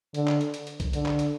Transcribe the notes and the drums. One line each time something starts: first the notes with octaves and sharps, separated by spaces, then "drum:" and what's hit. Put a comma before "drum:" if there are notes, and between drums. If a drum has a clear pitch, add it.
D3, drum: hi-hat
drum: clap
drum: hi-hat
drum: hi-hat
drum: hi-hat
drum: kick C2, hi-hat
D3, drum: hi-hat
drum: clap
drum: hi-hat